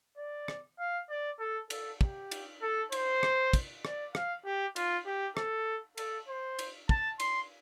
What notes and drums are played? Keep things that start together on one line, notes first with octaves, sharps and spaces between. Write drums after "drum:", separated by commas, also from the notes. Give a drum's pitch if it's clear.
D5
drum: rim click
F5
D5
A4
A4, drum: cymbal
G4, drum: kick
drum: cymbal
A4
C5, drum: cymbal
drum: rim click
drum: kick, cymbal
D5, drum: rim click
F5, drum: rim click
G4
F4, drum: cymbal
G4
A4, drum: rim click
A4, drum: cymbal
C5
drum: cymbal
A5, drum: kick
C6, drum: cymbal